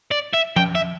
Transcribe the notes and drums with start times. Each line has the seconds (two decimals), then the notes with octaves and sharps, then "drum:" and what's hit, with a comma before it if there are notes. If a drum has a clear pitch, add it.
0.11 D5
0.33 E5
0.56 G5, drum: tom F3
0.75 E5